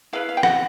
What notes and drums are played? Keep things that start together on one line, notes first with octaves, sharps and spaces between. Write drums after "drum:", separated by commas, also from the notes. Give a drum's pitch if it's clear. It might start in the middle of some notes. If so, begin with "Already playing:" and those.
E4 G#4 B4 F5
F5
G5
F#5, drum: rim click